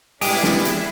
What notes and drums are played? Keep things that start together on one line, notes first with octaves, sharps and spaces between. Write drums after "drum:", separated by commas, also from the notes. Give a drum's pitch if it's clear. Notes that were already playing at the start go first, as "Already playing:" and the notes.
G#3 B3 D4 E4 G4 G#4, drum: open hi-hat
drum: snare
drum: hi-hat